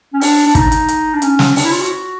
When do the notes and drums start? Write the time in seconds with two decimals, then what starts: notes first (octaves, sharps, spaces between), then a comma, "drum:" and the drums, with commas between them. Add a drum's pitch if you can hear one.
0.14 C#4
0.21 D4, drum: open hi-hat
0.46 D4
0.55 D#4, drum: kick, hi-hat
0.72 drum: hi-hat
0.88 drum: hi-hat
1.14 D4
1.22 C#4, drum: hi-hat
1.39 drum: snare
1.56 D4, drum: open hi-hat
1.64 E4
1.72 F4
1.81 F#4